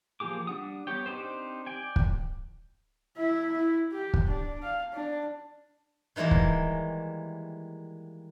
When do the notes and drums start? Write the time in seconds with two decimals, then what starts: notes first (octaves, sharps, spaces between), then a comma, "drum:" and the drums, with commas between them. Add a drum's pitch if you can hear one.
0.20 F3 A#3 G4 G#4 D6
0.47 G3 D4 F#5 D#6
0.87 B3 G4 C#5 G5
1.06 C4 D4 D#4 G4 C5
1.66 D5 G5 G#5
1.96 drum: kick
3.17 E4 E5
3.57 E4
3.91 G4
4.14 drum: kick
4.27 D4
4.63 F5
4.93 D4
6.16 D#3 E3 G3 G#3 A#3
6.31 drum: kick